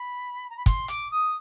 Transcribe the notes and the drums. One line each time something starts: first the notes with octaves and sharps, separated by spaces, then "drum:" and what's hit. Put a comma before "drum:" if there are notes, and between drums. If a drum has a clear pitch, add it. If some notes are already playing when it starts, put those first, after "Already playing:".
Already playing: B5
A#5
B5
C6, drum: kick, hi-hat
D6, drum: hi-hat
D#6